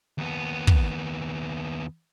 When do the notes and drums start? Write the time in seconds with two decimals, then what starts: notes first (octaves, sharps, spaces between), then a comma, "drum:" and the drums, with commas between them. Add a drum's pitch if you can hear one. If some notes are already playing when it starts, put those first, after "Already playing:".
0.18 D#2 B3
0.67 drum: kick